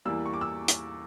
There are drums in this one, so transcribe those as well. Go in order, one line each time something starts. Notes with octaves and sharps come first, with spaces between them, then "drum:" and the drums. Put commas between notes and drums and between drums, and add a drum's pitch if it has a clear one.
E2 E3 G3 A#3 E6
C#6
D6
E6
drum: hi-hat